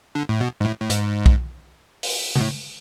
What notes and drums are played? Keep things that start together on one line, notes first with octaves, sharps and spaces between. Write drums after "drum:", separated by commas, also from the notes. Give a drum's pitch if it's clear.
D3
A2
B2
G#2
A2
A2
G#2, drum: hi-hat
drum: kick
drum: open hi-hat
B2, drum: tom C#3
A2